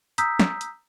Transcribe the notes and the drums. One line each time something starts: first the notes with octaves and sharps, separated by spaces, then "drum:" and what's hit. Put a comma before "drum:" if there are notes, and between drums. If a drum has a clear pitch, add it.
A#5 D#6 E6 G6 B6, drum: hi-hat
drum: snare
drum: hi-hat